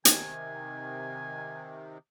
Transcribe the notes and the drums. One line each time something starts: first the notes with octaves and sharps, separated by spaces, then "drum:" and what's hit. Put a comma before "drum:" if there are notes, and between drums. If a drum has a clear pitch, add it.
C3 D#3 G#5, drum: hi-hat